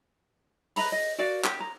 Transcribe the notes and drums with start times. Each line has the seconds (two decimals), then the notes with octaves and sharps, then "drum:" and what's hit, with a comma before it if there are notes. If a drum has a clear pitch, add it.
0.76 B4 D#5 A#5 B5, drum: open hi-hat
0.92 D#5
1.18 F#4 A#4 D5 F5
1.44 G4, drum: clap
1.60 A#5